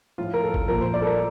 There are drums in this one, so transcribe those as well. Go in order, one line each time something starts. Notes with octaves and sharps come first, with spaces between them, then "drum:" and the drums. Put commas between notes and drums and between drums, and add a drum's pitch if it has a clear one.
A2 F3 F4
A#4
A4
drum: kick
A#2 F3 A#4
C5
D5
A4
A#4